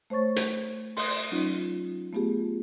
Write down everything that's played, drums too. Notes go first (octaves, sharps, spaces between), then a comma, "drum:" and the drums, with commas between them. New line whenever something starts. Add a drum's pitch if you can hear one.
A3 C5 C#5 C#6 A6
drum: hi-hat
C6 D#6, drum: open hi-hat
F#3 C#4 D#4 F4
A3 B3 F4 G4 G#4